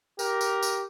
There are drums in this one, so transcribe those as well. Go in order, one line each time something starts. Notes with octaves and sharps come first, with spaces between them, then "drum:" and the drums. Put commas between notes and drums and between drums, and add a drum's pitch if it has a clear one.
G4 A#4, drum: tambourine
drum: tambourine
drum: tambourine